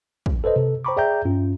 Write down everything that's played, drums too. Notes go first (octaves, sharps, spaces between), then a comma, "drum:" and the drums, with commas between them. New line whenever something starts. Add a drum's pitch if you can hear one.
drum: kick
A4 B4 C5 D#5
C3 A4
C5 G5 A#5 B5 C#6 D6
G#4 D5 E5 G5 A#5 G6
G2 C#4 F4